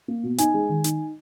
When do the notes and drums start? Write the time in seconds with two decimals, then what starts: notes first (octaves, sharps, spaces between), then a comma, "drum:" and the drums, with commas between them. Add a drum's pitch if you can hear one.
0.08 A#3
0.23 B2
0.38 D#4 G#5, drum: hi-hat
0.54 G#3
0.69 D#3
0.84 D#4, drum: hi-hat